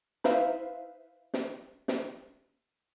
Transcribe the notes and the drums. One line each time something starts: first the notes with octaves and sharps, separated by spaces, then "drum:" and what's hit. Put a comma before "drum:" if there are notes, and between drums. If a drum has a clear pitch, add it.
D#4 E4 B4 C5 E5 F5, drum: snare
drum: snare
drum: snare